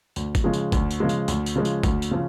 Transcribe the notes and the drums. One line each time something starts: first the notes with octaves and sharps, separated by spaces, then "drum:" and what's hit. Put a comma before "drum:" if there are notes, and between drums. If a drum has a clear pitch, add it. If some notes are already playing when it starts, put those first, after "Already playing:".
D2, drum: tambourine
drum: kick, tambourine
C#3 F3 G#3
drum: tambourine
D2, drum: kick, tambourine
drum: tambourine
C#3 F3 G#3
drum: tambourine
D2, drum: tambourine
drum: tambourine
C#3 F3 G#3
drum: tambourine
D2, drum: kick, tambourine
drum: tambourine
C#3 F3